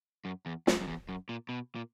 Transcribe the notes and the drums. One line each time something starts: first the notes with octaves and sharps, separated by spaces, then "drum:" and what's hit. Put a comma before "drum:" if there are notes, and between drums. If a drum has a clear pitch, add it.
F#2
E2
F#2, drum: snare
F#2
E2
F#2
A#2
B2
A#2